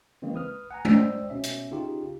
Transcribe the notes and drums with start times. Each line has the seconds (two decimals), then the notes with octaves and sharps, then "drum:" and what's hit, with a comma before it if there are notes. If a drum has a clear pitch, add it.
0.22 C#3 E3 G#3 A#3 C4
0.35 B4 D#6 F6
0.71 F#5 G#5 A#5
0.85 C5 D5 D#5 G5 E6, drum: tom G#3
1.30 B2 C#4 E5
1.43 drum: hi-hat
1.71 C#3 D#4 F4 G4